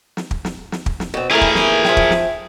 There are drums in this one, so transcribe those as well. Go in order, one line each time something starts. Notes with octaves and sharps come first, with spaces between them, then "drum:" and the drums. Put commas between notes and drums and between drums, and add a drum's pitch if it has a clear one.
drum: snare
drum: kick
drum: snare
drum: snare
drum: kick
drum: snare
B2 C4
E3 A3 A#3 G#4 A#4
drum: kick
drum: snare
F3 E5 G5, drum: snare
drum: kick
drum: snare